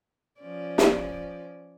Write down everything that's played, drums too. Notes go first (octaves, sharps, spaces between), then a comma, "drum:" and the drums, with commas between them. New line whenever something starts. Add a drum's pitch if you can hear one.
F3 C#4 D5
drum: snare